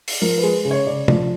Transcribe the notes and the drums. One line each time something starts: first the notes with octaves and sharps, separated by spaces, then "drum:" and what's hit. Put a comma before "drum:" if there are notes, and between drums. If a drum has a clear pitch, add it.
drum: open hi-hat
F3 A#4
B4
G#3
C#3
C#5
C#3 D5
F3 D5, drum: tom